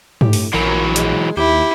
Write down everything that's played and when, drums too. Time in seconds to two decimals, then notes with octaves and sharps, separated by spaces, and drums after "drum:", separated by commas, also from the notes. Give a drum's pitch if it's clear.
0.21 A2 G4, drum: tom
0.33 drum: open hi-hat
0.54 A#1 E3 F#3 A#4
0.96 G#3, drum: hi-hat
1.37 D#2 E4 G4